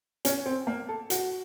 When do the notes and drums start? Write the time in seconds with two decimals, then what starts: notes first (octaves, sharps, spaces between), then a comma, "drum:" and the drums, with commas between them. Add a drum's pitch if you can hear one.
0.25 C#4, drum: hi-hat
0.46 C4
0.67 A#3
0.89 A4
1.10 F#4, drum: hi-hat